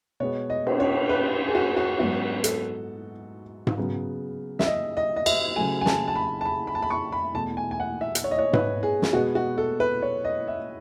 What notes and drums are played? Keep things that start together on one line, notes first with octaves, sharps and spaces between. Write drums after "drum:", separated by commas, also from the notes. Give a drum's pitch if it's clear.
B2 G#3 B3 C#5
D#5
drum: cymbal
C#5
B4
G#4
F#4
F#4
G#2 F#3 B3 F#4
A4, drum: hi-hat
drum: tom G#2
C#3 F#3 B3
E5, drum: snare
D#5
D#5
D#5
E5, drum: cymbal
C#3 F#3 A3 G#5
G#5
A5, drum: snare
A5
B5
A5
B5
B5
A5
B5
C#6
B5
E2 B2 A3 A5
G#5
G#5
F#5
E5
drum: hi-hat
C#5
D#5
C#5
B4, drum: tom G#2
G#4
drum: snare
B2 G#3 B3 F#4
F#4
A4
B4
C#5
D#5
E5